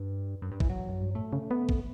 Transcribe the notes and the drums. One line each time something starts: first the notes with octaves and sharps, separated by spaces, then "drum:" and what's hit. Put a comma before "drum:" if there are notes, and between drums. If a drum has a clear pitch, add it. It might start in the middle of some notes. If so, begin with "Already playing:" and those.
Already playing: G2
F#2
G2
E3, drum: kick
F#3
F#2
G2
A2 A3
C#3
B3
drum: kick